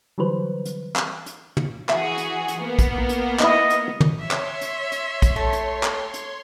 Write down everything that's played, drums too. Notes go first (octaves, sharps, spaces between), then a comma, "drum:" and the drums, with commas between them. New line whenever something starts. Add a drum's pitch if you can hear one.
D3 E3 F#3 G3 B4 C5
drum: hi-hat
drum: clap
drum: hi-hat
drum: tom
E3 F#4 G#4 E5, drum: clap
drum: hi-hat
drum: hi-hat
A#3 B3
drum: kick A#1, hi-hat
drum: hi-hat
D#4 E4 D#5, drum: clap
drum: hi-hat
drum: tom
C#5 E5 C6
drum: clap
drum: hi-hat
drum: hi-hat
drum: kick A#1, hi-hat
A3
drum: hi-hat
drum: clap
drum: hi-hat